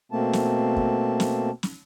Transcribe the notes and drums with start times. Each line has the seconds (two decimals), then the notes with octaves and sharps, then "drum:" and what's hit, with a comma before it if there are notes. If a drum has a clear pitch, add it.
0.12 B2 A3 A#3 C4 A5
0.33 drum: snare
0.77 drum: kick
1.20 drum: snare
1.63 drum: snare